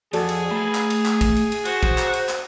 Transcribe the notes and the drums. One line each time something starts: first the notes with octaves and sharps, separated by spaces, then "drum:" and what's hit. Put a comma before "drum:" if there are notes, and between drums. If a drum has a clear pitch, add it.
F2 F#4 G#4 A4 D5, drum: cymbal
drum: cymbal
A3 A#5 B5
drum: clap
drum: cymbal
drum: clap
drum: kick, cymbal
drum: cymbal
drum: cymbal
F#4 C5, drum: cymbal
drum: kick
drum: clap
drum: cymbal
drum: clap